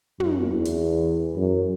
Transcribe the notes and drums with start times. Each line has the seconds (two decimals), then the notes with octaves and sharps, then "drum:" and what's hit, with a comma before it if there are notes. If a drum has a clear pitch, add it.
0.20 F#2, drum: tom
0.49 E2
0.65 drum: hi-hat
1.35 F#2